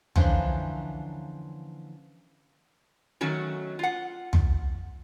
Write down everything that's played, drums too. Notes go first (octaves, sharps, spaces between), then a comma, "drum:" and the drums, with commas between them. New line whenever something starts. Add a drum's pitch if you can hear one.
D3 E3 F3 A#3 C#4 D4, drum: tom
D#3 F#3 A3 C#4 F#4
F4 F#5
drum: tom